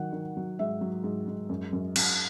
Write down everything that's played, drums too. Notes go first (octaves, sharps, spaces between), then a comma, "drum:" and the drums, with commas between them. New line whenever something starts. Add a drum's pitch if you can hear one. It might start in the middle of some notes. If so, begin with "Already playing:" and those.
Already playing: D#3 F#3 F#5
D#3
F#3
G#2 E5
F#3
G#2
G#2
F#2
F#2
F#2, drum: cymbal